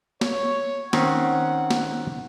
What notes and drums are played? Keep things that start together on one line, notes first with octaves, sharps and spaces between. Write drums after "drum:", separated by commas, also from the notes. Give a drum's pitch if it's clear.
C#5, drum: snare
D#3 C4 C#4 F#5, drum: snare
drum: snare